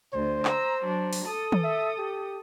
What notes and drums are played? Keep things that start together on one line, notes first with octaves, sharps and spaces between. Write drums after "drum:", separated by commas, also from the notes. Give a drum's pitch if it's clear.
D2 C5
A#5 E6, drum: clap
F#3 D4
drum: open hi-hat
A4 D#6
drum: tom
E5
G4